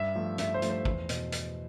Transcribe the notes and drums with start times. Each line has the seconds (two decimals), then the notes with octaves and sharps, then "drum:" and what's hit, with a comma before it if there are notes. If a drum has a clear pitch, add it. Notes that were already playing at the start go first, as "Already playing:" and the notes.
Already playing: G2 E5
0.15 F3 A3
0.38 G2 E5, drum: hi-hat
0.54 C5
0.62 F3 A3, drum: hi-hat
0.70 C5
0.85 E2, drum: kick
1.09 B2, drum: hi-hat
1.32 drum: hi-hat